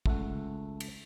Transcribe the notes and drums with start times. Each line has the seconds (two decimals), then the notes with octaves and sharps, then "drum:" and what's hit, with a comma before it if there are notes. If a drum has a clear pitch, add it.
0.06 C#2 A3 A4 F#5, drum: kick
0.80 drum: cymbal